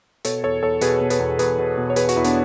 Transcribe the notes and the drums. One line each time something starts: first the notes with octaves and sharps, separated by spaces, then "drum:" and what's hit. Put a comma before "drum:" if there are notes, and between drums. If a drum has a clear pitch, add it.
B2 A4 C#5, drum: hi-hat
E2 A4 C#5
E2 A4 C#5
B2 G#4 B4, drum: hi-hat
B2
G#4 B4, drum: hi-hat
E2
E2 G#4 B4, drum: hi-hat
B2
B2
C#5
E2 G#4 B4, drum: hi-hat
F#4, drum: hi-hat
E2 E4
B3 D4, drum: hi-hat